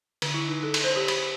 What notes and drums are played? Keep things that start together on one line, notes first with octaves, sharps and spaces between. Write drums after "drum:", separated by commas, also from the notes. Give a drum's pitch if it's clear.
D3, drum: cymbal
E4
D#4
A4
drum: cymbal
C5
G4
B5, drum: cymbal